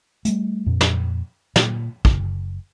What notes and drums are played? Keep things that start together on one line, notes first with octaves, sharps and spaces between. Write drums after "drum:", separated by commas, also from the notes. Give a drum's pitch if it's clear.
G3 A3, drum: hi-hat
F2 A#2
drum: snare
A#2, drum: snare
F#1, drum: kick